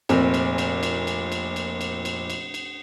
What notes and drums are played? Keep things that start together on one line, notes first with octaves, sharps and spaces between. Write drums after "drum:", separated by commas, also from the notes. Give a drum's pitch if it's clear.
F1 A#2 C4, drum: cymbal
drum: cymbal
drum: cymbal
drum: cymbal
drum: cymbal
drum: cymbal
drum: cymbal
drum: cymbal
drum: cymbal
drum: cymbal
drum: cymbal